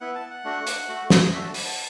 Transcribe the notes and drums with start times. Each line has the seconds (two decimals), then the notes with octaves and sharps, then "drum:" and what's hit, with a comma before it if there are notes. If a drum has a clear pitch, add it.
0.01 B3 E4 F#5
0.15 A5
0.30 F#5
0.44 A3 D4 F#4
0.67 drum: hi-hat
0.89 A3 F#4
1.10 drum: snare
1.32 A3 D4 F#4 E5
1.43 A5
1.54 B5, drum: open hi-hat
1.65 A5